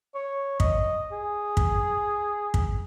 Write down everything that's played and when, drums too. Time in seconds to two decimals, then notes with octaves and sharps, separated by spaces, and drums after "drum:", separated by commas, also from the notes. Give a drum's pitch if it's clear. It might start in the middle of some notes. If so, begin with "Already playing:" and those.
0.15 C#5
0.60 D#5, drum: kick
1.12 G#4
1.57 drum: kick
2.54 drum: kick